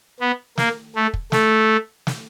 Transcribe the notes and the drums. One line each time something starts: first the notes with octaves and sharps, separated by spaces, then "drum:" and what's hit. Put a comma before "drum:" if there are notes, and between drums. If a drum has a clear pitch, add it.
B3
A#3, drum: snare
A3
drum: kick
A3, drum: snare
drum: snare